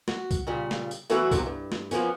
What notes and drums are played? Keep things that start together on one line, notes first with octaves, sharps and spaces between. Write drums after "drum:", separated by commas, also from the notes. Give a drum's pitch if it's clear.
F#4, drum: snare
drum: kick C2, tambourine
A#2 C#3 G3
drum: snare
drum: tambourine
E3 F#3 A3 E4 F#4, drum: tambourine
F#2 C3 F#3, drum: kick C2, tambourine
G2
drum: snare
F3 A#3 B3 C#4, drum: tambourine